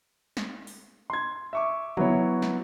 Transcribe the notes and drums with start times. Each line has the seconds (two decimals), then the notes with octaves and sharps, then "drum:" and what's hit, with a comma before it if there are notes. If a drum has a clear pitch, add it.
0.37 drum: snare
0.67 drum: open hi-hat
1.10 C6 G#6
1.53 E5 C#6 D6
1.97 F#3 B3 E4 C#5, drum: tom
2.42 drum: snare